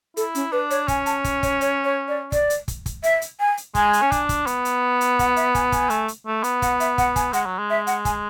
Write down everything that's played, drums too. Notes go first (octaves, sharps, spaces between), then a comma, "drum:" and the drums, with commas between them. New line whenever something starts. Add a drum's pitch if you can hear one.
E4 A4, drum: hi-hat
C#4, drum: hi-hat
D4 B4
C#5, drum: hi-hat
C#4 G#5, drum: kick, hi-hat
A5, drum: hi-hat
drum: kick, hi-hat
C#5, drum: kick, hi-hat
C#5, drum: hi-hat
C#5
D5
D5, drum: kick, hi-hat
drum: hi-hat
drum: kick, hi-hat
drum: kick, hi-hat
E5, drum: hi-hat
drum: hi-hat
G#5
drum: hi-hat
G#3 G#5, drum: kick, hi-hat
drum: hi-hat
C#4
D4, drum: kick, hi-hat
drum: kick, hi-hat
B3, drum: hi-hat
drum: hi-hat
drum: hi-hat
F#5, drum: kick, hi-hat
E5, drum: hi-hat
G#5, drum: kick, hi-hat
G#5, drum: kick, hi-hat
A3, drum: hi-hat
drum: hi-hat
A3
B3, drum: hi-hat
F#5, drum: kick, hi-hat
E5, drum: hi-hat
F#5, drum: kick, hi-hat
G#5, drum: kick, hi-hat
G#3 F#5, drum: hi-hat
F#3
G#3
E5
F#5, drum: hi-hat
G#5, drum: kick, hi-hat